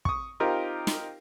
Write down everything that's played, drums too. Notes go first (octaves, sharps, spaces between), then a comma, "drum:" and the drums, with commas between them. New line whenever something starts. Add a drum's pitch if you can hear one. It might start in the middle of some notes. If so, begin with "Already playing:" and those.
C#6 D#6, drum: kick
C4 D#4 F4 G4 A#4
drum: snare